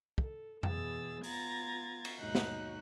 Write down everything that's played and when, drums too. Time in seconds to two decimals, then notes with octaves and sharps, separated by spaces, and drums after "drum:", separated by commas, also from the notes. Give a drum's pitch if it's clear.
0.18 A4, drum: kick
0.63 E2 B2 E3 G#4 E6 A6, drum: tom F2
1.24 B3 F4 A#5 G#6 A6, drum: open hi-hat
2.05 drum: cymbal
2.19 D#2 G#2 B2 F#3 D#4 F#6
2.35 drum: snare